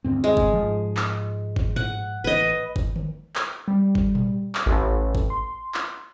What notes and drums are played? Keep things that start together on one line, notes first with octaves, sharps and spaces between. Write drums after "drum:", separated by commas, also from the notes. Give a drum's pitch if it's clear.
D2 G2 C4
G#3
drum: kick G1
G#2 F3
drum: clap
drum: kick G1
F#5, drum: tom G#2
A1 B4 D#5
drum: kick G1
drum: tom D3
drum: clap
G3
drum: kick G1
drum: tom A#2
drum: clap
A1
drum: kick G1
C6
drum: clap